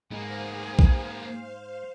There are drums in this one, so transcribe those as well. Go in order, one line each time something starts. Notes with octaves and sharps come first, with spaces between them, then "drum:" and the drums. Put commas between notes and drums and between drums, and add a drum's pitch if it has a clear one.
G#2 A#3 B3 D#4 G#4 C5 F5
drum: kick B1